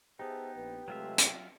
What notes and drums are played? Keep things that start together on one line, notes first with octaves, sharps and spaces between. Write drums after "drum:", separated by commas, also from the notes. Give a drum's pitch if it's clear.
B3 D#4 G4 G#4 C5 E5 A5
A#1 B4
C3 F#3 G#3 A3 F4 E5
drum: hi-hat